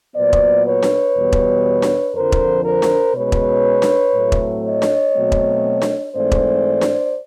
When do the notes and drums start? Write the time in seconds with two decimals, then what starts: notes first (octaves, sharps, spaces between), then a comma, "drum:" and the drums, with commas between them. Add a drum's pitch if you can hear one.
0.15 A#2 F#3 B3 C5 D5
0.33 drum: kick E1
0.66 B4 C#5
0.83 drum: snare D4
1.16 E2 B2 G3 B3
1.33 drum: kick E1
1.82 drum: snare D4
2.15 F2 D3 F3 A#4 C5
2.32 drum: kick E1
2.65 A#4 C5
2.82 drum: snare D4
3.15 B2 G#3 C#4 B4 C#5
3.32 drum: kick E1
3.82 drum: snare D4
4.15 A2 F#3 A3 C4
4.32 drum: kick E1
4.65 C#5 D#5
4.82 drum: snare D4
5.15 B2 F#3 A3 C4
5.32 drum: kick E1
5.82 drum: snare D4
6.15 G#2 E3 A3 C4 C5 D5
6.32 drum: kick E1
6.81 drum: snare D4